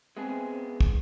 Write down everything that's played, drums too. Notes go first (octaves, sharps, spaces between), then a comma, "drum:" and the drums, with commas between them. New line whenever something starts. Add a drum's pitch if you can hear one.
G#3 B3 C4 G#4
drum: kick